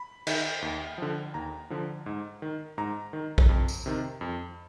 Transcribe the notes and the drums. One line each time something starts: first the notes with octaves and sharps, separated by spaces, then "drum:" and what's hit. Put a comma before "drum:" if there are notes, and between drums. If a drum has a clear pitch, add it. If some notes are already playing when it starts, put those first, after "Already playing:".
Already playing: B5
D#3, drum: cymbal
D#2
D3 F3
D#2 A#5
D3 F3
G#2
D#3
G#2 A#5
D#3
drum: kick A#1
F2
drum: tambourine
C3 D#3
F2